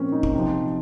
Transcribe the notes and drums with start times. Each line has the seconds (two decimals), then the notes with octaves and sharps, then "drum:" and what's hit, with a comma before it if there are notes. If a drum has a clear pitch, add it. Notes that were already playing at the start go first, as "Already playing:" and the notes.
Already playing: A#2 F3 A#3 C4 C#4
0.12 D#4
0.23 drum: kick
0.34 C3 F3